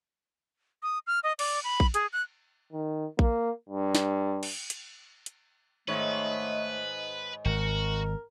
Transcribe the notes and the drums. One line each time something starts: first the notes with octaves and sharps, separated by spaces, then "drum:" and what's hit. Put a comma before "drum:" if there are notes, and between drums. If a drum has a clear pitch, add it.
D#6
F6
D#5
D5, drum: cymbal
B5
drum: kick A#1
G#4, drum: hi-hat
F#6
D#3
A#3, drum: kick A#1
G2
drum: snare
drum: cymbal
drum: hi-hat
drum: hi-hat
G#2 D#3 A3 B4 C#5
G#1 F#4 A#4